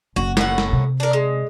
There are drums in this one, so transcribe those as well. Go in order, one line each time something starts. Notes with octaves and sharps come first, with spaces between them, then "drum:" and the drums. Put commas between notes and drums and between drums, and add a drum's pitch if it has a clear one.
F#1 F#4
A2 F#5, drum: snare
drum: snare
C3
D4 A#4
G#3